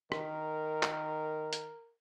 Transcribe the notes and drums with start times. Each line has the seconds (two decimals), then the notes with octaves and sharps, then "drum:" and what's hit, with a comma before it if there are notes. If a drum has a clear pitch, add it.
0.12 D#3 A#4, drum: rim click
0.83 drum: clap
1.53 drum: hi-hat